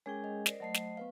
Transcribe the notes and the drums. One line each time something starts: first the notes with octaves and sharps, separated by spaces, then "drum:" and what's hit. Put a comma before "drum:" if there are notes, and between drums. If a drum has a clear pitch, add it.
G#3 C#4 G#4 A#4 C#5 G5
D#5
A#4 C5 D5, drum: snare
F#3 A3 C5 D#5 C7
drum: snare
B3 B4 F5